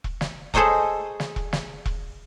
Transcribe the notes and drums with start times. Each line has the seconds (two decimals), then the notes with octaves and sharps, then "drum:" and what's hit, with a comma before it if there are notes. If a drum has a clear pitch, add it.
0.04 drum: kick E1
0.21 drum: snare
0.54 G#4 A4 C5 C#5 D#5 A#5, drum: kick E1
1.20 drum: snare
1.36 drum: kick E1
1.53 drum: snare
1.86 drum: kick E1